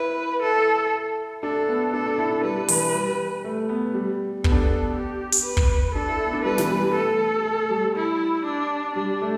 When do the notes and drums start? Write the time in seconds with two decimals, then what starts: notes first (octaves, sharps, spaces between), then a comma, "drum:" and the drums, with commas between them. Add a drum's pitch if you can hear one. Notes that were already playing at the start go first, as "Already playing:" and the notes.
Already playing: E4 B4
0.43 E4 A4
1.43 D4 A4
1.68 B3
1.93 D4 A4
2.06 D4
2.18 E4
2.31 D4
2.44 G3 B4
2.68 E3, drum: open hi-hat
2.94 G3
3.44 A3
3.69 B3
3.94 G3
4.44 B3 A4, drum: kick
4.52 D4
4.61 B3
4.94 G4
5.32 drum: hi-hat
5.45 B4
5.57 drum: kick
5.95 D4 A4
6.08 E4
6.20 E4
6.27 B3
6.33 D4
6.45 G3 B4
6.58 E3, drum: snare
6.70 G3
6.95 A3 A4
7.45 A3
7.70 G3
7.96 E4
8.45 D4
8.96 G3 D4
9.22 A3